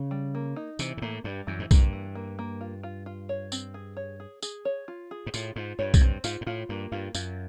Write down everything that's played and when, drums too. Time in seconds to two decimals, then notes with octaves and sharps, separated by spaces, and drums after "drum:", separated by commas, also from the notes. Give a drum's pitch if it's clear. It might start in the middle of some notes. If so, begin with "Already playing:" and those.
Already playing: C#3
0.11 G3
0.35 A#3
0.56 D#4
0.79 C3 E3, drum: tambourine
0.97 G#2
1.02 A2 A#3
1.24 G2 G3
1.47 F#2 E3
1.59 G#2
1.71 G2 A#3, drum: kick B1, tambourine
1.93 E3
2.15 A#3
2.39 A#3
2.61 F4
2.83 F4
3.06 F4
3.29 C#5
3.52 C4, drum: tambourine
3.74 G#4
3.97 C#5
4.20 G#4
4.42 G#4, drum: tambourine
4.65 C#5
4.88 F4
5.11 G#4
5.26 G#2
5.34 A2 F4, drum: tambourine
5.56 G#2 F4
5.79 G2 C#5
5.94 F#2, drum: kick B1, tambourine
6.01 G2 C4
6.24 G#2 F4, drum: tambourine
6.41 G#2
6.46 A2 F4
6.69 G2 A#3
6.92 G2 F4
7.14 F#2 F4, drum: tambourine